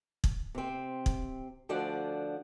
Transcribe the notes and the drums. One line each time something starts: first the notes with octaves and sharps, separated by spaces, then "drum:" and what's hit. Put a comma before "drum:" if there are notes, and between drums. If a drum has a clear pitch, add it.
drum: kick
C3 C4
drum: kick
D2 D3 F3 D5 F#5